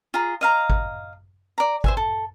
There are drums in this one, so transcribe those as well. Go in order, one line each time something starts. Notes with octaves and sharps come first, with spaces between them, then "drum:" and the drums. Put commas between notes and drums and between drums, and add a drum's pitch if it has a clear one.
F4 G#4 A#5
D#5 F5 A#5
drum: kick G#1
D5 A#5
C5 E5 G#5, drum: kick G#1
A4